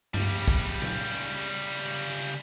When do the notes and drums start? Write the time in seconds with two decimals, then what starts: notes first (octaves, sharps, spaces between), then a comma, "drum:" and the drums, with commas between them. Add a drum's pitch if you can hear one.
0.14 C#3 G3, drum: tom G2
0.48 drum: kick
0.82 drum: tom